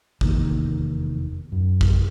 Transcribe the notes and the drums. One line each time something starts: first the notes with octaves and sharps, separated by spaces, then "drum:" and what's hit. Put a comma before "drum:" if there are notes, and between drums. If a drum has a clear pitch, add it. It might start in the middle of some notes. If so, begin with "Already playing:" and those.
F1 E2 D#3 A#3, drum: kick G#1
F#2
drum: kick G#1